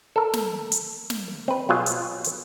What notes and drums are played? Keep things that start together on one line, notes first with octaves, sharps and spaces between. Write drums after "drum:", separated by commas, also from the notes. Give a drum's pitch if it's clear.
A4 A#4
drum: snare
drum: hi-hat
drum: snare
C4 B4
B2 F#3 F4 G#4
drum: hi-hat
drum: hi-hat